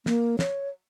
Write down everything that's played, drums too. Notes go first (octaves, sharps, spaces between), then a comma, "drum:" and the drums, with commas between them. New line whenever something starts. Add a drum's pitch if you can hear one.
A#3, drum: snare
C#5, drum: snare